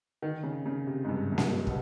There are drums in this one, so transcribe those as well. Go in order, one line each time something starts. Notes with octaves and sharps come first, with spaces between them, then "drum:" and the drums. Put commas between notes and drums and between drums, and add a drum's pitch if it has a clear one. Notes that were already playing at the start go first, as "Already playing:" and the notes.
D#3
C#3
C#3
C3
G#2
G2
F#2
G2, drum: snare A#3
B2, drum: kick